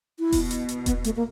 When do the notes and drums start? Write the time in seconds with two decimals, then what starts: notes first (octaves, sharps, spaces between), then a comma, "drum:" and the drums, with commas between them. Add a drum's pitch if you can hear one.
0.19 E4
0.32 B2, drum: kick E1, open hi-hat
0.51 drum: hi-hat
0.69 drum: hi-hat
0.86 B3, drum: kick E1, hi-hat
1.04 A3, drum: hi-hat
1.16 A#3